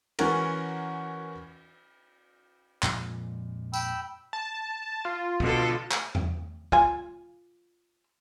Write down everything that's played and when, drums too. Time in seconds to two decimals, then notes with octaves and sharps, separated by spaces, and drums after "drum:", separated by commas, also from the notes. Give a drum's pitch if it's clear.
0.19 E3 C#4 F#4 A#4, drum: cymbal
2.83 F2 A#2 G#3, drum: clap
3.74 G5 B5 E6, drum: tambourine
4.33 A5
5.05 F4
5.40 B2 D3 A4, drum: kick
5.91 drum: clap
6.15 drum: tom E2
6.72 F4 G#5, drum: kick